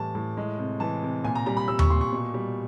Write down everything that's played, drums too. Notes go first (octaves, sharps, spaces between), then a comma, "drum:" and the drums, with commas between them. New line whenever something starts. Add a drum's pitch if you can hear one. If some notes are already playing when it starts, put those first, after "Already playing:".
Already playing: A2 E3 G3 A5
A2
G#3
C3
E3 A5
C3
A#2 G#5
A#5
G3 A#5
B5
G3 E6
C#6, drum: tom D#2
A#2 C6
C#6
B2
G3